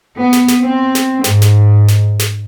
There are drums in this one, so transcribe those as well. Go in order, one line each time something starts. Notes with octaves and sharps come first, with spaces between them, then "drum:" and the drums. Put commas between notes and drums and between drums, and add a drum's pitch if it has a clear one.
B3
drum: snare
drum: snare
C4
drum: snare
G#2, drum: snare
drum: snare
drum: snare
drum: snare